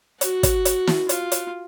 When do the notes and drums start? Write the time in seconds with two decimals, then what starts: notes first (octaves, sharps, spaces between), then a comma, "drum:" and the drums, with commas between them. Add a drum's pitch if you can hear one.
0.21 F#4, drum: hi-hat
0.43 drum: kick, hi-hat
0.65 drum: hi-hat
0.87 drum: snare
1.09 F4, drum: hi-hat
1.32 drum: hi-hat